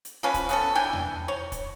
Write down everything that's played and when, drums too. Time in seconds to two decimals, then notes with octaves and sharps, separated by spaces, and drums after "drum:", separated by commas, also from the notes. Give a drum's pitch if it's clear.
0.05 drum: hi-hat
0.23 F3 C#4 B4
0.34 drum: kick, hi-hat
0.49 B3 C#4 A4, drum: hi-hat
0.75 E3 D4 G5 G#5
0.93 drum: tom E2
1.28 C#5
1.52 drum: kick, hi-hat